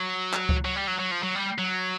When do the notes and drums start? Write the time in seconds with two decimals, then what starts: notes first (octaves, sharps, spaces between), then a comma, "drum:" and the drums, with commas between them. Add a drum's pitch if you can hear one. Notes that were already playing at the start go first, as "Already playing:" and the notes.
Already playing: F#3
0.33 drum: clap
0.49 drum: kick C#2
0.65 F#3
0.76 G3
0.88 F#3
0.99 F#3
1.11 F3
1.23 F#3
1.35 G3
1.58 F#3